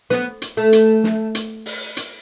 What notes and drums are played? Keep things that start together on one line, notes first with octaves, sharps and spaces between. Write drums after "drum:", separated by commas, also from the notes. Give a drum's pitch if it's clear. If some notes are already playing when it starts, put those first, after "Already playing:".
B3, drum: snare
drum: hi-hat
A3
drum: hi-hat
drum: snare
drum: hi-hat
drum: open hi-hat
drum: hi-hat